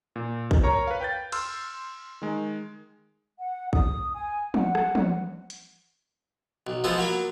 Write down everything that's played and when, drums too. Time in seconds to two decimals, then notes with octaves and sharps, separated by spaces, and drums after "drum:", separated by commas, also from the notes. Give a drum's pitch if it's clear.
0.16 A#2
0.51 drum: kick
0.63 A#4 C#5 A#5 C#6
0.87 B4 F5
1.01 G5 G6 A6
1.32 C6 E6 F6, drum: cymbal
2.22 D#3 G#3
3.39 F#5
3.73 D#6, drum: kick
4.14 G#5
4.54 F#5, drum: tom
4.75 drum: rim click
4.95 drum: tom
5.50 drum: hi-hat
6.67 B1
6.84 F3 G#3 B3 F4 A4 C5
6.98 F#3 A#3 B5 C#6